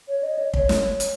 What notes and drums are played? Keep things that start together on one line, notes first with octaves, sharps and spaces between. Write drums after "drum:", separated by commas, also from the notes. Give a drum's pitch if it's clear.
C#5
D#5
C#5
C#5, drum: kick
drum: snare
drum: hi-hat